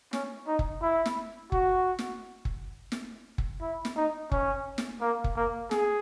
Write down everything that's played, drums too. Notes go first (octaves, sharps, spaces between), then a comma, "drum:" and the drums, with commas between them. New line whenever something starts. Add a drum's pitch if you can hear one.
C#4, drum: snare
D#4
drum: kick
E4
drum: snare
F#4, drum: kick
drum: snare
drum: kick
drum: snare
drum: kick
E4
drum: snare
D#4
C#4, drum: kick
drum: snare
A#3
drum: kick
A#3
G#4, drum: snare